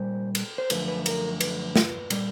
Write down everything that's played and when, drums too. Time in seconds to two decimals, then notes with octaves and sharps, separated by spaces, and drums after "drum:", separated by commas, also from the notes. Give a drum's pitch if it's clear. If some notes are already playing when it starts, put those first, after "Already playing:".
Already playing: A#2 G3 C5
0.35 drum: cymbal
0.58 C5
0.70 F#2 D3 F3 A3 B4, drum: cymbal
0.88 B4
1.06 A#4, drum: cymbal
1.40 B4, drum: cymbal
1.76 drum: snare
2.10 A#2 G3, drum: cymbal